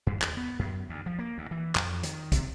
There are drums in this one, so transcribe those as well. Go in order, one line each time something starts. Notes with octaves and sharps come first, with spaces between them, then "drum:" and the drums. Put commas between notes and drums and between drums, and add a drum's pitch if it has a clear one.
G2
D#2, drum: clap
B3
F#2
D2
F3
A#3
D2
E3
F2, drum: clap
D#3, drum: hi-hat
C3, drum: kick, hi-hat